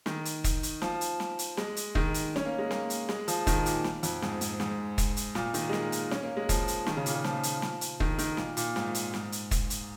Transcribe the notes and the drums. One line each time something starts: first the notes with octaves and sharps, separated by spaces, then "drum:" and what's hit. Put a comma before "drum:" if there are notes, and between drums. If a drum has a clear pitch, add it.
D#3, drum: snare
drum: hi-hat
drum: kick, hi-hat
drum: hi-hat
F3, drum: snare
drum: hi-hat
drum: snare
drum: hi-hat
G#3, drum: snare
drum: hi-hat
D#3, drum: kick
drum: hi-hat
C#4, drum: snare
A#3
G#3
A#3, drum: snare
drum: hi-hat
G#3, drum: snare
F3, drum: hi-hat
D#3, drum: kick, hi-hat
A#2, drum: hi-hat
drum: snare
F2, drum: hi-hat
G#2, drum: snare
G#2, drum: hi-hat
G#2, drum: snare
drum: kick, hi-hat
drum: hi-hat
A#2, drum: snare
D#3, drum: hi-hat
G#3
A#3, drum: snare
drum: hi-hat
C#4, drum: snare
A#3
G#3
F3, drum: kick, hi-hat
drum: hi-hat
D#3, drum: snare
C#3
A#2, drum: hi-hat
C#3
F3, drum: snare
drum: hi-hat
drum: snare
drum: hi-hat
D#3, drum: kick
D#3, drum: hi-hat
A#2, drum: snare
A#2, drum: hi-hat
G#2, drum: snare
drum: hi-hat
G#2, drum: snare
drum: hi-hat
drum: kick, hi-hat
drum: hi-hat